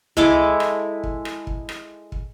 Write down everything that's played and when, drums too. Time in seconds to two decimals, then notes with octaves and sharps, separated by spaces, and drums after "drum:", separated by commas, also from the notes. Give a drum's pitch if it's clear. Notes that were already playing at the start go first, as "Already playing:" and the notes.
0.17 G#3 E4 A4 D6, drum: tom C#2
0.60 drum: rim click
1.04 drum: kick
1.25 drum: rim click
1.47 drum: kick
1.69 drum: rim click
2.12 drum: kick